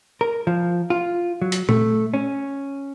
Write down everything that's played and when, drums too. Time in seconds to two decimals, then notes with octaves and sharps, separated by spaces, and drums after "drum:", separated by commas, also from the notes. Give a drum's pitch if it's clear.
0.21 A#4
0.47 F3
0.90 F4
1.42 F#3
1.52 drum: hi-hat
1.69 A3, drum: tom A#2
2.14 C#4